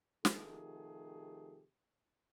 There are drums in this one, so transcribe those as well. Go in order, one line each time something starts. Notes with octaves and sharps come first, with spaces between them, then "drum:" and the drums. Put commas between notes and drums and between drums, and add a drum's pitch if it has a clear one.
C3 D#3 F3 A3 G4 G#4, drum: snare